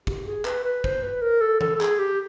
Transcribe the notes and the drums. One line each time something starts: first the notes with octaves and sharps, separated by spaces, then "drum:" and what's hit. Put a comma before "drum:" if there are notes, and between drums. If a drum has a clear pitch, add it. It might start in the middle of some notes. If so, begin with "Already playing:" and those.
G4, drum: kick
G#4
B4, drum: clap
B4
C5, drum: kick
B4
A#4
A4
A4, drum: tom E3
A4
G#4, drum: clap
G4